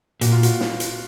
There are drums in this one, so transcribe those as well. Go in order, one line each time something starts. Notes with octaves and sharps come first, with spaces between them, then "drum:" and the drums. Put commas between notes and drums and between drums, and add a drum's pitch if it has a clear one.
A#2 F#4, drum: hi-hat
F4
F#4, drum: hi-hat
drum: snare
drum: hi-hat